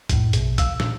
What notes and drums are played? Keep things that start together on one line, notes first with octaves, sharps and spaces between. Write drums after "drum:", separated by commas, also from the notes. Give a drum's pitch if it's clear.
F2 A2, drum: kick B1, hi-hat
A#1 F#2 B2, drum: hi-hat
F5 E6, drum: kick B1, hi-hat
A#2, drum: snare